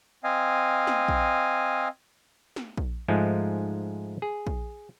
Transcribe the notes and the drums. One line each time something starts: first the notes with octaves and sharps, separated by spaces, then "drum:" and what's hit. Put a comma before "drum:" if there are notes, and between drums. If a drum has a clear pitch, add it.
C4 D#5 F5 G#5
drum: snare
drum: kick A#1
drum: snare
drum: kick A#1
G#2 F3 G#3 A3
G#4
drum: kick A#1